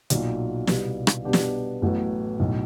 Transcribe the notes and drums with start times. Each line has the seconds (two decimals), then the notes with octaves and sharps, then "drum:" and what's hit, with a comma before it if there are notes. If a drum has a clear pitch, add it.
0.10 B1 A#2 F#3, drum: hi-hat
0.67 C2 B2 G3, drum: snare
1.07 drum: rim click
1.24 B2 G3 B3 D4 G4
1.33 drum: snare
1.82 A1 A2 F#3 B3
2.39 B1 A2 F#3